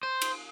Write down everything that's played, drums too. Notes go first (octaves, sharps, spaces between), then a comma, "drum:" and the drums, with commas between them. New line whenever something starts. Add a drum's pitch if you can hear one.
C5
drum: cymbal